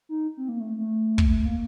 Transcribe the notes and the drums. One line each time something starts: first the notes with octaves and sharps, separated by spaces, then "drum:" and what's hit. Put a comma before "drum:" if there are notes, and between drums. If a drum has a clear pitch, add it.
D#4
C4
A#3
A3
A3
drum: kick
A3
A#3